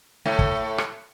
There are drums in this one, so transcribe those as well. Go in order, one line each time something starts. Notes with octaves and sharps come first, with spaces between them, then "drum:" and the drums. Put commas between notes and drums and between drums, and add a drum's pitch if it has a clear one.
A2 A3
drum: kick
drum: rim click